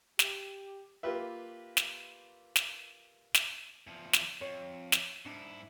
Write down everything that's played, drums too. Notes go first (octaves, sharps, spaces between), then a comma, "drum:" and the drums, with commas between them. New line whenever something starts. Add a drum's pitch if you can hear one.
G4, drum: snare
A#3 F4 G4 B4 E5
drum: snare
drum: snare
drum: snare
E2 F3
drum: snare
F2 C#5
drum: snare
G#2 D4 E4